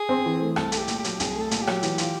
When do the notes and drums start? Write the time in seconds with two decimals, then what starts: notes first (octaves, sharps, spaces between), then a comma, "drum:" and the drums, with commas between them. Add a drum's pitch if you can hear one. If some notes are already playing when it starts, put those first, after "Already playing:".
Already playing: G#4
0.09 C4
0.26 E3
0.41 A3
0.56 C2 A4, drum: rim click
0.72 A3, drum: hi-hat
0.77 G4
0.88 A#2, drum: hi-hat
0.99 G4
1.04 F#3, drum: hi-hat
1.20 C2 G#4, drum: hi-hat
1.36 A3
1.41 A4
1.51 A#2, drum: hi-hat
1.62 G4
1.67 F#3, drum: rim click
1.83 E3, drum: hi-hat
1.98 F4, drum: hi-hat